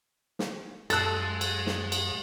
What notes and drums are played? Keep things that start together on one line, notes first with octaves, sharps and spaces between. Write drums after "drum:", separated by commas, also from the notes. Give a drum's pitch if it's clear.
drum: snare
F#2 G#3 A4 E6 F#6 A6, drum: cymbal
drum: cymbal
drum: snare
drum: cymbal